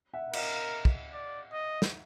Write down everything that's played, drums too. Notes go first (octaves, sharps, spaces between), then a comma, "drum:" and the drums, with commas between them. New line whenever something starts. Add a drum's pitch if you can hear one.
E5 F#5
A#4 D#5 F5, drum: cymbal
drum: kick
D5
D#5
drum: snare